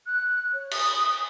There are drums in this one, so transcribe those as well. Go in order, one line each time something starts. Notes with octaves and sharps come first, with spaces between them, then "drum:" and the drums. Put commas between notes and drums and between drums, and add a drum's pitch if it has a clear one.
F#6
C#5
D#6, drum: cymbal